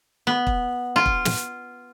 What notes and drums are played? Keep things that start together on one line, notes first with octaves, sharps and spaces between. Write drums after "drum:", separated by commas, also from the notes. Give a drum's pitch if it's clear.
B3
drum: kick
F4
drum: kick
drum: snare